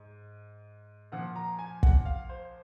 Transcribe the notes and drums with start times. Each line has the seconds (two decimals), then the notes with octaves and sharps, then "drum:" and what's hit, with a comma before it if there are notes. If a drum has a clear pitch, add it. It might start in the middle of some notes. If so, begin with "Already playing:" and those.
Already playing: G#2
1.12 A#2 F3 F#5
1.36 A#5
1.59 G#5
1.83 F#5, drum: kick
2.05 F5
2.29 C5